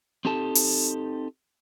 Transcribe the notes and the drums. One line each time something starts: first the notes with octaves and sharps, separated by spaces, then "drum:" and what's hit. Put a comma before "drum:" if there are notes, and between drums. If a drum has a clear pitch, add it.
C4 D#4 G4 A4 A5
drum: open hi-hat